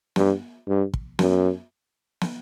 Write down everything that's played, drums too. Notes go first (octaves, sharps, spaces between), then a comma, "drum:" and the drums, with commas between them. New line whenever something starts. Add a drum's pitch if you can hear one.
G2, drum: snare
G2
drum: kick
F#2, drum: snare
drum: snare